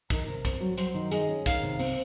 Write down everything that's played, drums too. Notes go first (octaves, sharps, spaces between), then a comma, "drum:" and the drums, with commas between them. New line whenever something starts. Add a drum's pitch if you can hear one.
D#3 A#4, drum: kick, hi-hat
C3
C4, drum: kick, hi-hat
F#3
F#3 C5, drum: hi-hat
D#3
G#4 D#5, drum: hi-hat
C#4
D#3 F5, drum: kick, hi-hat
C3
C4, drum: open hi-hat